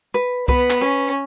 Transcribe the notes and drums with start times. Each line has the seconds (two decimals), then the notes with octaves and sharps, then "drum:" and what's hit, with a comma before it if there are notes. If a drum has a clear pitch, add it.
0.14 B4
0.48 B3 B4, drum: kick C2
0.70 drum: clap
0.81 C#4 B4